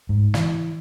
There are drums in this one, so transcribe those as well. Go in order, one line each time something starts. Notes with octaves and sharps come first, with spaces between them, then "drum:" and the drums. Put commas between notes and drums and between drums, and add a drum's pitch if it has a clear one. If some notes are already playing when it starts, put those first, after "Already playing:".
G#2
E3, drum: snare